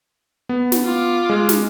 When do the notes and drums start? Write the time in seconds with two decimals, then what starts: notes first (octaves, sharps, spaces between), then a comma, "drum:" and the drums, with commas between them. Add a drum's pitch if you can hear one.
0.49 B3
0.72 drum: snare
0.84 F4 D6
1.30 G#3
1.49 drum: snare